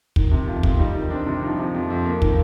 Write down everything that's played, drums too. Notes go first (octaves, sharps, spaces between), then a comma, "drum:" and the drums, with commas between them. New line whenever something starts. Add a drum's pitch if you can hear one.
D#3, drum: kick
C3
F2 F4
F2, drum: kick
G3 D#4
D#3
C4 D4
C3
F3 D#4
C3
F2
F2
A#3
D#3, drum: kick